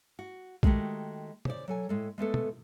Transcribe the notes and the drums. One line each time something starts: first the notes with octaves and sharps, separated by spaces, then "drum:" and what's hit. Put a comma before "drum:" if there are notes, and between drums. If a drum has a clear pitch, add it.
F#4
D#3 G#3 A3 D#4 F#4 G4, drum: kick B1
C#3 C5 D5, drum: tom
F#3 A4 G#5
A2 G#3 A4
G#3 A3 B3 A4
drum: tom